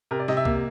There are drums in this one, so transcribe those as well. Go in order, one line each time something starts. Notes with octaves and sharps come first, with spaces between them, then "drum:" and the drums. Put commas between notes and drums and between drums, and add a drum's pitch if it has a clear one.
C3 A#4
D5
C3 D#5, drum: snare
E5
A#3, drum: kick C2